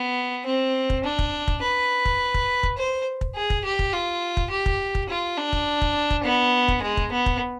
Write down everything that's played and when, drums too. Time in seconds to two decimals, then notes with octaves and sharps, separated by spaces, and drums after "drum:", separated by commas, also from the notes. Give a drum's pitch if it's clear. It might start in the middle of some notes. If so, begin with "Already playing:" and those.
Already playing: B3
0.46 C4
0.90 drum: kick
1.04 D4
1.19 drum: kick
1.48 drum: kick
1.62 B4
2.05 drum: kick
2.34 drum: kick
2.63 drum: kick
2.78 C5
3.21 drum: kick
3.36 G#4
3.50 drum: kick
3.65 G4
3.79 drum: kick
3.94 F4
4.37 drum: kick
4.51 G4
4.66 drum: kick
4.95 drum: kick
5.09 F4
5.38 D4
5.53 drum: kick
5.82 drum: kick
6.10 drum: kick
6.25 B3
6.68 drum: kick
6.82 G#3
6.97 drum: kick
7.12 B3
7.26 drum: kick